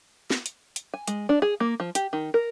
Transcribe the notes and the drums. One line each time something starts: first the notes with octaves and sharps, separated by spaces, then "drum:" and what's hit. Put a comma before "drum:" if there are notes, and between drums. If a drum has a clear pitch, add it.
drum: snare
drum: hi-hat
drum: hi-hat
G#5
G#3, drum: hi-hat
D4
G#4
A#3
F3
G4, drum: hi-hat
D#3
A#4